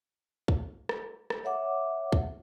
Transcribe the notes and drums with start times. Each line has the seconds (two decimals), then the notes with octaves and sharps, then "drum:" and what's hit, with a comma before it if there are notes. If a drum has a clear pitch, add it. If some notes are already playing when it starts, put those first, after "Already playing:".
0.48 drum: kick
0.89 drum: rim click
1.30 drum: rim click
1.44 C#5 E5 F#5 D6
2.12 drum: kick